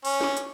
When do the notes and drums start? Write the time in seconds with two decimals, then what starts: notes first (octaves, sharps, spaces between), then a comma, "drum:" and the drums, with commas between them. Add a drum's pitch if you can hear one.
0.05 C#4, drum: open hi-hat
0.21 drum: snare
0.37 drum: hi-hat